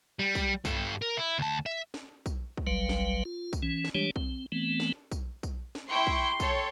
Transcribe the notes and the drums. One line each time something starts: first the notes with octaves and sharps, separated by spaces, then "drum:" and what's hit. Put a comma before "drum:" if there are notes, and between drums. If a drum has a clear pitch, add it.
G3
drum: kick, tambourine
G2 A4, drum: kick, tambourine
A#4
E4
D2 A5
E5
drum: snare
drum: kick, tambourine
drum: kick
G1 C2 F#3 G3 B4 F5
drum: snare
F4
drum: kick, tambourine
E3 C#4
drum: snare
E3 G3 G#3 D4 G4 C#5
C4, drum: kick
E3 A3 B3 C4
drum: snare
drum: kick, tambourine
drum: kick, tambourine
drum: snare
E4 G5 C6 C#6
drum: kick
A4 C#5 G5, drum: kick, tambourine